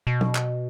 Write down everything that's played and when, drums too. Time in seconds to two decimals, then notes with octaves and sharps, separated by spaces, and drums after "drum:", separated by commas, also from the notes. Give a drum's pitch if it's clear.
0.07 B2
0.21 drum: tom
0.35 drum: clap